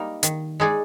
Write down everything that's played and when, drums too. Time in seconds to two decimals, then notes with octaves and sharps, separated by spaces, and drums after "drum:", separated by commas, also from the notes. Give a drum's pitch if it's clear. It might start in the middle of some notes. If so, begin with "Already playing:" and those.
Already playing: G3 A#3 D#4 A#4
0.23 D#3, drum: hi-hat
0.60 G#3 D#4 G#4 D5